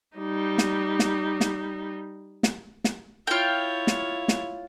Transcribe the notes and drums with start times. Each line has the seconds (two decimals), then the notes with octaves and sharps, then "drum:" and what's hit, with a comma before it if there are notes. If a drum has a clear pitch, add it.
0.17 G3 D#4
0.58 drum: snare
0.99 drum: snare
1.40 drum: snare
2.43 drum: snare
2.84 drum: snare
3.27 E4 F4 C#5 G5
3.87 drum: snare
4.28 drum: snare